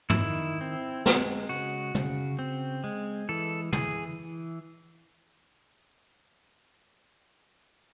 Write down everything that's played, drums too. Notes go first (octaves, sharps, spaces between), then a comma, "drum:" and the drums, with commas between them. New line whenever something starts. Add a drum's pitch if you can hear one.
E4, drum: tom
D#3
C4
G#3, drum: snare
C#3 F#4
C#3, drum: tom
C4
G#3
E3 A4
E3 G#4, drum: tom